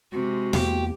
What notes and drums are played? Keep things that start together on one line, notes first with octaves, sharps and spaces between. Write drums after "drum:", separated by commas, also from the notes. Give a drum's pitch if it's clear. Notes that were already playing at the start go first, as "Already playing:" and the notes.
C3 G#3 F#4
E2 A#3 G4, drum: snare